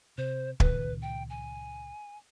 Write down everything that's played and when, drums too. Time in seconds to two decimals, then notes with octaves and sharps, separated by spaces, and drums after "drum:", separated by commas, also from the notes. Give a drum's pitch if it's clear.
0.18 C3 C5
0.60 C#2 A#2 D#3 B4, drum: kick
1.02 G5
1.30 G#5